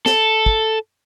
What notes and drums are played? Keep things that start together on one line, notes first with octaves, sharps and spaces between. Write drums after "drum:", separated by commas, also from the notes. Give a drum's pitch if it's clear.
A4, drum: snare
drum: kick